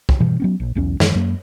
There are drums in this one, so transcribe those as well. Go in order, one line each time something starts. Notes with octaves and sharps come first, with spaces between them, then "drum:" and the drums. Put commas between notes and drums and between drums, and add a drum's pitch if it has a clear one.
drum: kick
G2 B2 E3
F#3 B3 C#4
A#1
B1 E2 C#4
F#2 D#3 E3, drum: snare
F#2 F#3 A#3